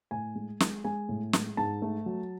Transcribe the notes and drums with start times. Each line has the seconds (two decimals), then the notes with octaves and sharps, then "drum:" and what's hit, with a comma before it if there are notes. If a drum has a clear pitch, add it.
0.11 A2 G#5
0.35 G#3
0.60 G#3, drum: snare
0.84 G#3 G#5
1.09 A2
1.33 G#3, drum: snare
1.57 G#2 A5
1.82 A3
2.06 F#3